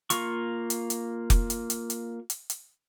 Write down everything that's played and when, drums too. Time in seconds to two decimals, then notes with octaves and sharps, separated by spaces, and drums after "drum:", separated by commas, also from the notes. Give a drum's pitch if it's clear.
0.10 A#3 F4 C#6, drum: hi-hat
0.70 drum: hi-hat
0.90 drum: hi-hat
1.30 drum: kick F1, hi-hat
1.50 drum: hi-hat
1.70 drum: hi-hat
1.90 drum: hi-hat
2.30 drum: hi-hat
2.50 drum: hi-hat